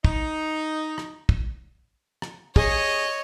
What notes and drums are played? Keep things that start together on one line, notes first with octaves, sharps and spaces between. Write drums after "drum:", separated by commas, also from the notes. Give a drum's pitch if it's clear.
D#4, drum: kick
drum: rim click
drum: kick
drum: rim click
G#4 C#5 D#5, drum: kick